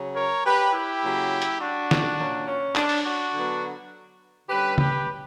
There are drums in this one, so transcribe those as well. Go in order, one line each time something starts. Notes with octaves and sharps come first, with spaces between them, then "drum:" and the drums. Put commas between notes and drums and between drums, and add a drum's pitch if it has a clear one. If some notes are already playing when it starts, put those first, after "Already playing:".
Already playing: C#3 F#3 C#4
A#4 C#5
G4 B4
E4 G4
C#3 F#3 A#3
drum: hi-hat
D4 F#4
drum: snare
A#2 A#3 C#4
C#4
D4, drum: clap
drum: open hi-hat
D4 F#4
D3 F#3 B3
D3 G3 C#4 G4 B4
G4 B4, drum: tom